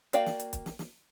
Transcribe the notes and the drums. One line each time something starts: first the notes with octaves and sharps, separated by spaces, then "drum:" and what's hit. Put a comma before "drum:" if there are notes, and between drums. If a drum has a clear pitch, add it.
A#3 F#4 D5 F5 G5, drum: hi-hat
drum: snare
drum: hi-hat
drum: kick, hi-hat
drum: snare
drum: snare